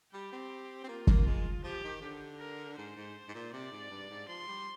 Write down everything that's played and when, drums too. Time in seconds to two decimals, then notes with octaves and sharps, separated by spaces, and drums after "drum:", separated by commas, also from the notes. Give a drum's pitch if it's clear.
0.13 G3 G4
0.32 C4
0.84 C4
0.89 A#3 F4
1.07 A#3, drum: kick
1.27 G#3
1.63 F3 G4
1.83 D#3
2.01 D3
2.40 A#4
2.77 G#2 C5
2.96 G#2
3.28 G#2
3.35 A#2
3.53 C3 D5
3.72 G#2
3.90 G2
4.10 G#2
4.28 F3 C6
4.48 G3